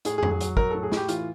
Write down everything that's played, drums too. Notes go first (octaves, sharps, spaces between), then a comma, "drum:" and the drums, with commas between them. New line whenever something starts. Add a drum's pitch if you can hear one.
A2 G#4, drum: hi-hat
G#4
F#3, drum: tom F2
G#4
F#3, drum: hi-hat
F#3 A#4, drum: kick
A2 A4
G#4
A2 G4, drum: snare
E3 F4, drum: hi-hat